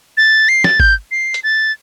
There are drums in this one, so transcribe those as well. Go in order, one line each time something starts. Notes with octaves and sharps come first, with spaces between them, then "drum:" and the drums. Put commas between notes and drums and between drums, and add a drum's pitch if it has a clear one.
A6
C7
A6, drum: snare
G6, drum: kick G#1
C7
drum: hi-hat
A6